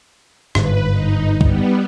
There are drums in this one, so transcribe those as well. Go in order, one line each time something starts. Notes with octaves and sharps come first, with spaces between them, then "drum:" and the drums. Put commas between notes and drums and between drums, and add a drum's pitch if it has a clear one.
G1 G#2 B4, drum: rim click
D#4
G3 B3, drum: kick C2